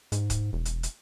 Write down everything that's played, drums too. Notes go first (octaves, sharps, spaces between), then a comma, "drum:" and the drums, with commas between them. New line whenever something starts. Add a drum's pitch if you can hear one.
G#2, drum: hi-hat
drum: kick, hi-hat
E1
drum: hi-hat
drum: hi-hat